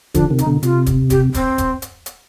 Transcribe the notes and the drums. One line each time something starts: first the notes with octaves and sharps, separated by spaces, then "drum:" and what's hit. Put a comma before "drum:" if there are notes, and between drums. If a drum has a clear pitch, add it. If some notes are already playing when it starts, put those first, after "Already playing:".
D3 F3 D4, drum: kick, hi-hat
C3 D#3
D#4, drum: hi-hat
B2 D3
C3 F4, drum: hi-hat
drum: kick, hi-hat
G4, drum: kick, hi-hat
C4, drum: kick, hi-hat
drum: kick, hi-hat
drum: hi-hat
drum: hi-hat